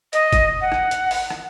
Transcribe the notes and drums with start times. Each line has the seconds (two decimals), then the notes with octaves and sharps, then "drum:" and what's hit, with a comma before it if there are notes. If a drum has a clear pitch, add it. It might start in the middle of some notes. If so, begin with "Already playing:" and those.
0.13 D#5, drum: hi-hat
0.33 drum: kick G1, hi-hat
0.61 F#5
0.72 drum: rim click
0.91 drum: hi-hat
1.11 drum: open hi-hat
1.30 drum: rim click